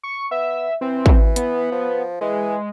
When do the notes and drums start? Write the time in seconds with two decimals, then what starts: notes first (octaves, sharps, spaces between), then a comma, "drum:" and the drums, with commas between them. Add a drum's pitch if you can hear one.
0.03 C#6
0.31 B3 E5
0.81 E3 C4
1.06 drum: kick
1.36 B3, drum: hi-hat
1.72 F3
2.21 E3 G#3